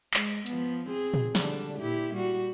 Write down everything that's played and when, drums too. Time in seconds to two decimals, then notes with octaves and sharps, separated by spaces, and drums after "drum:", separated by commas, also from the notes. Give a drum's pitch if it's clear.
0.14 G#3, drum: clap
0.46 F3 B3, drum: hi-hat
0.86 C4 G#4
1.14 drum: tom A#2
1.35 D3 G3 D4, drum: snare
1.78 A#2 E4 G4
2.14 G3 F#4